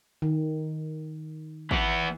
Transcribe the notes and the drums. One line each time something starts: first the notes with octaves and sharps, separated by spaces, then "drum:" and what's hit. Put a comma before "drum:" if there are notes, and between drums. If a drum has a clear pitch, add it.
D#3
E3 B3, drum: kick